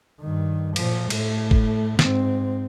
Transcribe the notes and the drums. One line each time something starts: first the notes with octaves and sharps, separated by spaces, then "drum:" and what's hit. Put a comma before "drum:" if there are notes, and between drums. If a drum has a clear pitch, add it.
G2 D#3
A#2 F3, drum: cymbal
A2 A3, drum: cymbal
drum: kick
G#2 C4, drum: snare